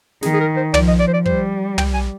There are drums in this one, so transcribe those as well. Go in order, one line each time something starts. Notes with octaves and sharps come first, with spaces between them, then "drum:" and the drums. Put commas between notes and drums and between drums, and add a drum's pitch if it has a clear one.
D#3 G#4, drum: snare
G#4
A#4
C5
F3 D5, drum: tom
D#5
D5
C5
D5
G3 C5, drum: kick
G5, drum: tom
G#5